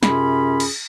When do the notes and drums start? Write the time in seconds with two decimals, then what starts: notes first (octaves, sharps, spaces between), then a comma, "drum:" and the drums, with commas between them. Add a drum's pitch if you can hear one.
0.03 F#2 C3 C#4 F4 G#4 B5, drum: snare
0.60 drum: cymbal